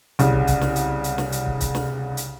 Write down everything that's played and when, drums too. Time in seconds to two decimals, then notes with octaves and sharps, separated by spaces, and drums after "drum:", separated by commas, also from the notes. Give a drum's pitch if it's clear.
0.19 C2 C#3, drum: hi-hat
0.33 drum: kick
0.47 drum: kick, hi-hat
0.61 drum: snare
0.76 drum: hi-hat
1.04 drum: hi-hat
1.18 drum: snare
1.32 drum: hi-hat
1.46 drum: kick
1.60 drum: kick, hi-hat
1.75 drum: snare
2.17 drum: hi-hat